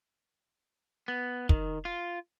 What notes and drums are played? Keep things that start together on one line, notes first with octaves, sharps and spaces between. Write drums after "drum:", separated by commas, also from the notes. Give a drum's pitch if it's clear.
B3
D#3, drum: kick
F4